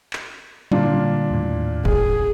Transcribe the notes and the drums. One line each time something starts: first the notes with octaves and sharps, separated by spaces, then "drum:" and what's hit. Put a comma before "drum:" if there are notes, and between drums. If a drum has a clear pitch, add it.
drum: clap
A#2 D3 G3 D4 F4
D#2 A2
E1 G#4, drum: kick G#1